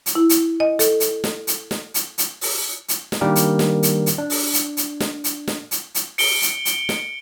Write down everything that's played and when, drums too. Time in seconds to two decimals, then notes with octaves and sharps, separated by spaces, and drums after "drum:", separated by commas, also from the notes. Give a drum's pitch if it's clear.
0.06 drum: hi-hat
0.15 E4
0.29 drum: hi-hat
0.60 D#5
0.79 A4, drum: hi-hat
1.00 drum: hi-hat
1.24 drum: snare
1.47 drum: hi-hat
1.71 drum: snare
1.94 drum: hi-hat
2.18 drum: hi-hat
2.41 drum: open hi-hat
2.88 drum: hi-hat
3.12 drum: snare
3.21 D#3 G3 A#3 D4 G4 A#4
3.36 drum: hi-hat
3.59 drum: snare
3.83 drum: hi-hat
4.06 drum: hi-hat
4.18 D4
4.30 drum: open hi-hat
4.53 drum: hi-hat
4.77 drum: hi-hat
5.00 drum: snare
5.24 drum: hi-hat
5.48 drum: snare
5.71 drum: hi-hat
5.95 drum: hi-hat
6.18 C#7 D7 G7, drum: open hi-hat
6.42 drum: hi-hat
6.65 drum: hi-hat
6.89 drum: snare